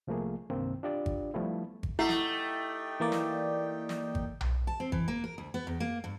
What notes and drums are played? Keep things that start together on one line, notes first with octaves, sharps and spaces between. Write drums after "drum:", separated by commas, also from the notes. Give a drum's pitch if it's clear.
C2 F3 A3 A#3 G#4
C2 G2 D#3 A#3 C4
D4 F4 G4 D5
drum: kick G#1
F3 G3 A3 B3 E4 F4
drum: kick G#1
A3 D#4 E4 G4 E5 F#5 G5
drum: snare
E3 A#3 D5
drum: snare
drum: snare
drum: kick G#1
drum: tom B1
A5
C4
E3, drum: kick G#1
A#3
A#4
D2
B3
E2
A#3
G2